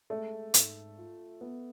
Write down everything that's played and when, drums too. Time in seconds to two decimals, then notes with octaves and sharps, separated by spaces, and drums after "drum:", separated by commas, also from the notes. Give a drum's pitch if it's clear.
0.10 G#3 A3
0.54 G#2, drum: hi-hat
0.97 F4
1.41 B3